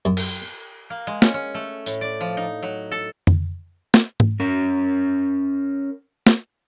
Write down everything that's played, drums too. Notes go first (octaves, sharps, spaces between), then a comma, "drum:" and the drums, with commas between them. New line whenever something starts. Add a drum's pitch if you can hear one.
F#2
drum: cymbal
A#3
G#3
C#4, drum: snare
C#4
A3
A2, drum: tambourine
D5
F3
D#4
F#3
A4
drum: tom F2
drum: snare
drum: tom G#2
C#4 A#4
drum: snare